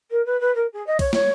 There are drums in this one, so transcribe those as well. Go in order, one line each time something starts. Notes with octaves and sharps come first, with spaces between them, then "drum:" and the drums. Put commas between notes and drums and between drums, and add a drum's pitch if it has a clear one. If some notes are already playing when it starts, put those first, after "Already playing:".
A#4
B4
B4
A#4
G#4
D#5
C#5, drum: kick C2, cymbal
C#5, drum: snare